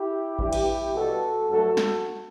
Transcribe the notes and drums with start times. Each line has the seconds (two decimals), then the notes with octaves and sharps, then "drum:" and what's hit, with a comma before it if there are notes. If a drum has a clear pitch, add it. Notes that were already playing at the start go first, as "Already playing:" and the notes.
Already playing: E4 G4
0.39 G2 E3 B3 E4 G4, drum: kick A1
0.53 drum: cymbal
0.94 B2 G3 B3 F#4 A4
1.50 G2 F#3 A3 F#4 A4
1.77 drum: snare